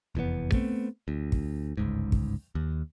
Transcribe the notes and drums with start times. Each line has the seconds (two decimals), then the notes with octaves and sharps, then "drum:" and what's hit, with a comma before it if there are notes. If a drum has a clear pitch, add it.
0.15 F1 E2 A2 B3
0.52 A3 B3 C4, drum: kick
1.08 D2
1.32 drum: kick
1.77 G1 C#2 G#2
2.12 drum: kick
2.55 D#2